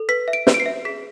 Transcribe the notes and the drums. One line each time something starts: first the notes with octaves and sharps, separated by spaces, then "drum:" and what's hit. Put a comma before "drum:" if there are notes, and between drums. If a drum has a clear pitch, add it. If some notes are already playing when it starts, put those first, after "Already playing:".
Already playing: A4
B4 B6
E5
D7
B4, drum: snare
D7
C7
E5
G#4 B6